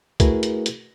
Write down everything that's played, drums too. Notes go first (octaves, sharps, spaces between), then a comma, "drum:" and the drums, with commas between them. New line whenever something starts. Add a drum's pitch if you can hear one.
A3 E4 F#4 G#4 A#4 B4, drum: kick, hi-hat
drum: hi-hat
drum: hi-hat